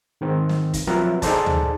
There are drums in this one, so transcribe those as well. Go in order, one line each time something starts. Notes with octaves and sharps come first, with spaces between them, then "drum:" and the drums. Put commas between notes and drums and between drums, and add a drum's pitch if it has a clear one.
G#2 D#3 C4
drum: snare
drum: kick, hi-hat
F3 F#3 C4 A#4 B4 E5
D#4 G#4 A4 C5 D5 A5, drum: kick, hi-hat
drum: tom